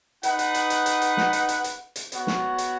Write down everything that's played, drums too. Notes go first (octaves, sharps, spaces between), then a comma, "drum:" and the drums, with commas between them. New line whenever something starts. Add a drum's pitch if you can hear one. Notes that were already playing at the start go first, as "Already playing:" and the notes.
D#4 B4 F#5, drum: hi-hat
drum: hi-hat
drum: hi-hat
drum: hi-hat
drum: hi-hat
drum: hi-hat
drum: snare
drum: hi-hat
drum: hi-hat
drum: hi-hat
drum: hi-hat
B3 F#4 C#5 F#5, drum: hi-hat
drum: snare
drum: hi-hat